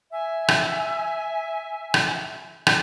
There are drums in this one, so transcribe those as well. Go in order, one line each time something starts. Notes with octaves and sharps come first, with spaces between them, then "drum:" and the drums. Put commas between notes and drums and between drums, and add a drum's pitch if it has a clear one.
E5 G#5
drum: rim click
drum: rim click
drum: rim click